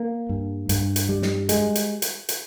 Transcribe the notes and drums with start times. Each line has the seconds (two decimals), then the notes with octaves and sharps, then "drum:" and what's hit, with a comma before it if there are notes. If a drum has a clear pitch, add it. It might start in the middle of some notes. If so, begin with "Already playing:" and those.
Already playing: A#3
0.29 G2
0.69 G2, drum: hi-hat
0.96 drum: hi-hat
1.09 G3
1.22 drum: snare
1.49 G#3, drum: hi-hat
1.75 drum: hi-hat
2.02 drum: hi-hat
2.29 drum: hi-hat